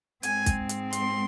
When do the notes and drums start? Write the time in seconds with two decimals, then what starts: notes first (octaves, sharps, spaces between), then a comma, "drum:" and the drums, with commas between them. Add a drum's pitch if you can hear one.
0.23 G#2 G#3 C4 G#5, drum: hi-hat
0.46 drum: kick, hi-hat
0.69 drum: hi-hat
0.93 C6, drum: hi-hat